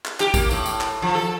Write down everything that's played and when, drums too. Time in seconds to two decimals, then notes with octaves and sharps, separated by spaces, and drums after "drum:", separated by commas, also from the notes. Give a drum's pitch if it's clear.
0.05 drum: clap
0.20 G4, drum: clap
0.34 A#3, drum: kick, tambourine
0.51 A2, drum: tambourine
0.66 drum: tambourine
0.81 drum: clap
1.02 F3
1.15 A4